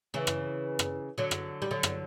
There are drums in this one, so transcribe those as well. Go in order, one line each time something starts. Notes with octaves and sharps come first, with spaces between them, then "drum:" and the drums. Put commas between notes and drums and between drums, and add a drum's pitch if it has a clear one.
C#3 E3
drum: rim click
drum: rim click
D3 F#3
drum: rim click
G3
D3 F#3
drum: rim click